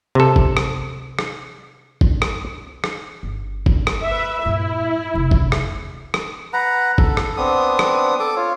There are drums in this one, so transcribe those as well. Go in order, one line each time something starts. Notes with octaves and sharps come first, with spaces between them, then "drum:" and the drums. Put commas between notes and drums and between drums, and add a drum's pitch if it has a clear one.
C3 A4
drum: kick
drum: rim click
drum: rim click
drum: kick
drum: rim click
drum: rim click
G1
drum: kick
drum: rim click
B4 E5
G2 A#2 E4
F1 E2
drum: kick
drum: rim click
drum: rim click
B4 F#5 A#5
A4, drum: kick
drum: rim click
B3 C4 D4 D#6
drum: rim click
A4 D6
F4 C#5